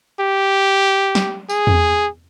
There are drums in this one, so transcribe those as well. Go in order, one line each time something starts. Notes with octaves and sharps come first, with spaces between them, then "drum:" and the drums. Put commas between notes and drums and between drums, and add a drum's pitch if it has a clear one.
G4
drum: snare
G#4, drum: tambourine
drum: tom E2